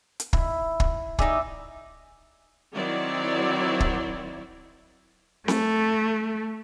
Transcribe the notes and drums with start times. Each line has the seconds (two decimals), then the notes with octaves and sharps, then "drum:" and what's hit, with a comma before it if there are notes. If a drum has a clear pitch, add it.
0.20 drum: hi-hat
0.33 E4, drum: kick
0.80 drum: kick
1.19 D#4 G4 G#4 D5 E5, drum: kick
2.74 D#3 F#3 C4 E4 C#5 D5
3.80 drum: kick
5.48 A3, drum: snare C4